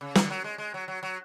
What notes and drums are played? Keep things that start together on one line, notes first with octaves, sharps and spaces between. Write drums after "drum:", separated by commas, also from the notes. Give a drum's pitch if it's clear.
C#3
D3, drum: snare
F#3
G#3
G#3
F#3
F#3
F#3